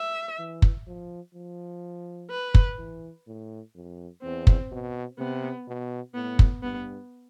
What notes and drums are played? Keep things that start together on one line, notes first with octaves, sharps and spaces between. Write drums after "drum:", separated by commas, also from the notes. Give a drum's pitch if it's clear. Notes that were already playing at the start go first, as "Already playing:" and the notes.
Already playing: E5
E3
drum: kick
F3
F3
B4
drum: kick
E3
A2
F2
E2 C4
drum: kick
B2
C3 B3
B2
A2 B3
drum: kick
G2 B3